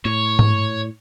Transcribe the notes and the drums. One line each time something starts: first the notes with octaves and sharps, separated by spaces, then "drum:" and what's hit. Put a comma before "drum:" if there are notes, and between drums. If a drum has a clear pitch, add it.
A2 C#5
drum: tom G#2